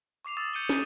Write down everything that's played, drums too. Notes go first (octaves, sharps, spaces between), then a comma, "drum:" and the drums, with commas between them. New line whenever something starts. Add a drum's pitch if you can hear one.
C#6 D6 C7 F7
C#6 D#6 E6 A6 C7 E7
G6 C#7 D#7 G7
D#7 E7, drum: snare